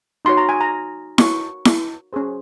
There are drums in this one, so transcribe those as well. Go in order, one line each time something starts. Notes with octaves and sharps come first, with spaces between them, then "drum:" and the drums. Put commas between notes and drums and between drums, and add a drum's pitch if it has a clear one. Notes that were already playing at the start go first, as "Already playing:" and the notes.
D#4 F#4 C#5 C6
A#5
G#5
A#5
F#4 A#4 C#5 C#6, drum: snare E4
drum: snare E4
C#4 G#4 C5